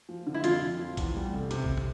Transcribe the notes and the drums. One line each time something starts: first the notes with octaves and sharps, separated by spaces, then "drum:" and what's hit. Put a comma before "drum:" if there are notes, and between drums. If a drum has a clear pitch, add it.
F3
D3
E4
F2 F4, drum: hi-hat
F2
F3
E2, drum: kick A#1, hi-hat
G3
F1
C3, drum: hi-hat
drum: kick A#1
drum: tom